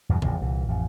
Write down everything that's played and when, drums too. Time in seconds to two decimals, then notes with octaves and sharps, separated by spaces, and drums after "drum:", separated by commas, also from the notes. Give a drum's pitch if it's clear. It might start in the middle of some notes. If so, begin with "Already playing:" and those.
0.09 E2 G2 B2 F#3
0.22 G#1 E2 A#2 F3, drum: tom C#3
0.42 C2 A#2 E3
0.68 A1 F2